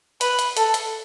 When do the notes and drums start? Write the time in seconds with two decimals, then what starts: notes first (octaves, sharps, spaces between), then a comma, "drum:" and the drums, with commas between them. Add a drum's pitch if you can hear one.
0.21 B4, drum: hi-hat
0.39 drum: hi-hat
0.57 A4, drum: hi-hat
0.74 drum: hi-hat